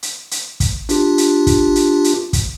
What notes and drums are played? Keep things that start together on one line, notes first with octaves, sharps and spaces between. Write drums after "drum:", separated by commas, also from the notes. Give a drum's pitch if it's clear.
drum: hi-hat
drum: hi-hat
drum: kick, hi-hat
D4 F4 G4, drum: hi-hat
drum: hi-hat
drum: kick, hi-hat
drum: hi-hat
drum: hi-hat
drum: kick, hi-hat